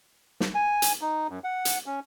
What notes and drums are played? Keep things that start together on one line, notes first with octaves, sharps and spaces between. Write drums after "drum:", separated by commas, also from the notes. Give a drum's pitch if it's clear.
drum: snare
G#5
drum: hi-hat
D#4
F#2
F#5
drum: hi-hat
C#4